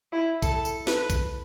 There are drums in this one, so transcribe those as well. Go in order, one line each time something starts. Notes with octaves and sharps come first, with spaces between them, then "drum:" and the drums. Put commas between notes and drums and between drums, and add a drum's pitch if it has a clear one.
E4
A4, drum: kick B1, tambourine
drum: tambourine
B4, drum: snare
drum: kick B1, tambourine